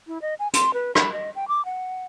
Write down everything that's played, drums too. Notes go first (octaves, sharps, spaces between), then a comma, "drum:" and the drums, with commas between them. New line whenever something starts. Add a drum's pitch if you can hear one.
E4
D#5
G#5
C6, drum: hi-hat
B4
B5, drum: rim click
D#5
G5
D6
F#5